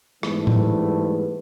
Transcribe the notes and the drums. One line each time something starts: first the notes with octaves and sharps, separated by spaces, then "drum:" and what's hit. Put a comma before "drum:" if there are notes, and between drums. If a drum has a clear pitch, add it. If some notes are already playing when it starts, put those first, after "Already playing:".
G#2 E3 G3 A3 B3, drum: rim click
drum: tom A2